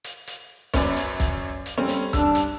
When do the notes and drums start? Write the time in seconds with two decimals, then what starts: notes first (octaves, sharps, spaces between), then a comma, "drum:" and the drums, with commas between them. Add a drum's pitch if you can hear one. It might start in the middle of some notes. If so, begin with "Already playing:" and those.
0.04 drum: hi-hat
0.27 drum: hi-hat
0.74 F#2 C#4 B4 D5, drum: kick, hi-hat
0.97 drum: hi-hat
1.20 drum: kick, hi-hat
1.66 drum: hi-hat
1.78 G3 C4 C#4 A4
1.89 drum: hi-hat
2.13 G2 D4 E6, drum: kick, hi-hat
2.35 drum: hi-hat